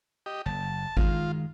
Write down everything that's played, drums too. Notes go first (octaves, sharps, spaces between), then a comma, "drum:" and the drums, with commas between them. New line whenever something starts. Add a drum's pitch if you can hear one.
G4 D#5
F#1 A5
D#3 G#3 F4, drum: kick G#1